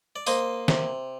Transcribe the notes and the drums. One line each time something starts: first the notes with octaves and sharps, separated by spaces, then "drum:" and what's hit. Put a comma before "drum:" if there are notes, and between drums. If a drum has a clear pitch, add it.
D5
A#3 C5 D#5, drum: tambourine
C3, drum: snare